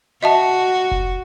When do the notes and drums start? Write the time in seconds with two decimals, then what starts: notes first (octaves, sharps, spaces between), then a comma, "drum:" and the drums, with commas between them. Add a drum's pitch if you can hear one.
0.23 F#4 D#5 E5 A5
0.92 drum: kick F1